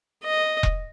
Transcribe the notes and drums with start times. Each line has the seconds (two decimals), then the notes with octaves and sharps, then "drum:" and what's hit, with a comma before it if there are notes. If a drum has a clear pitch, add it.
0.25 D#5
0.63 drum: kick E1